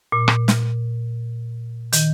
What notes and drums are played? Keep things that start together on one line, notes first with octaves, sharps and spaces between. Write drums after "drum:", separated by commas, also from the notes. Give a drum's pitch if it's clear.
A#2
drum: rim click
drum: snare
D#3, drum: hi-hat